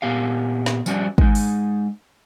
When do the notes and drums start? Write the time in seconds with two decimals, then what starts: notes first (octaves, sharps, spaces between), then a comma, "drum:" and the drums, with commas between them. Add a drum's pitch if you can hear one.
0.02 A#2 B3 G4 F5
0.66 drum: snare
0.86 F3 G3 C#4 F#4 D5, drum: tambourine
1.18 G#3 D#4, drum: kick
1.35 drum: open hi-hat